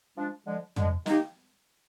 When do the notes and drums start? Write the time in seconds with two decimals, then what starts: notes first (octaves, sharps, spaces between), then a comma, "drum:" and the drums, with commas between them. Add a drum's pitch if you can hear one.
0.16 F3 G#3 D4
0.46 D3 F3 G#3
0.76 D3 F3 G#3, drum: tom
1.06 D#3 A#3 D#4 G4, drum: snare